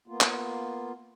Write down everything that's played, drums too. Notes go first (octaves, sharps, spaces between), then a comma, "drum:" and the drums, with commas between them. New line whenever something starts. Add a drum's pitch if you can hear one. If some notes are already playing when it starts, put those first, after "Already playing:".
A#3 B3 F4
drum: clap